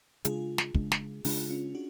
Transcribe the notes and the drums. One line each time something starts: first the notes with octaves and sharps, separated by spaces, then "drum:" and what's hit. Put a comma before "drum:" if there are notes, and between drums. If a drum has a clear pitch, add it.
C#3 G#3 D4 F4 G#4, drum: hi-hat
drum: snare
C#3 G#3 D4, drum: kick
drum: snare
C#3 G#3 D4 F4 G#4, drum: open hi-hat
C#4 F4
D4 F#4